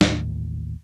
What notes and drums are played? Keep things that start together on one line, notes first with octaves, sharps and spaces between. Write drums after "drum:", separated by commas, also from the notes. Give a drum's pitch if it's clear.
D#1 A1 D#2 A2, drum: snare